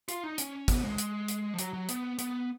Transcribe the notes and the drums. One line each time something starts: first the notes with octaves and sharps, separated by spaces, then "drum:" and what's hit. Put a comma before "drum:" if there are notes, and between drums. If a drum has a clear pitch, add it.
F4, drum: hi-hat
D#4
C#4, drum: hi-hat
B3, drum: kick, hi-hat
G#3
drum: hi-hat
drum: hi-hat
F3
F#3, drum: hi-hat
F#3
B3, drum: hi-hat
B3, drum: hi-hat